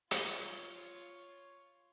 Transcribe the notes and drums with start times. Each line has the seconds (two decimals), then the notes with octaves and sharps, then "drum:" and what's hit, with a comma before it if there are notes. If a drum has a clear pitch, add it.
0.11 F4 C#5, drum: hi-hat